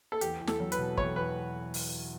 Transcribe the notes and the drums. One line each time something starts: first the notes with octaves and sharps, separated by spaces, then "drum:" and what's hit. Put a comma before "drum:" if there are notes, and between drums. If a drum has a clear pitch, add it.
A4
E2 G4, drum: hi-hat
E2
A4, drum: snare
F#3
B4, drum: hi-hat
B2
E2 C#5, drum: kick
E2 B4
drum: open hi-hat